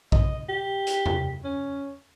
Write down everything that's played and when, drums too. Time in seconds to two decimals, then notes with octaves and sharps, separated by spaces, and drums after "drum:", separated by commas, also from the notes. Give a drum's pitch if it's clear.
0.12 D#5, drum: kick A#1
0.49 G4
0.87 drum: hi-hat
1.06 drum: tom E2
1.44 C#4